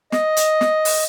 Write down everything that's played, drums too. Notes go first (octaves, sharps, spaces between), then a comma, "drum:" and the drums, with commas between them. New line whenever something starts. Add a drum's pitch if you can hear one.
D#5, drum: snare
drum: hi-hat
drum: snare
drum: open hi-hat